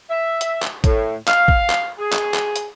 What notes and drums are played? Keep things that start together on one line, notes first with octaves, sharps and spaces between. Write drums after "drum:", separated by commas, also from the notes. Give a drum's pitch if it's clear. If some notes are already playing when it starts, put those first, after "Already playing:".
E5
drum: hi-hat
drum: clap
A2, drum: kick, hi-hat
F5, drum: clap
drum: kick
drum: clap
G#4
drum: clap
drum: clap
drum: hi-hat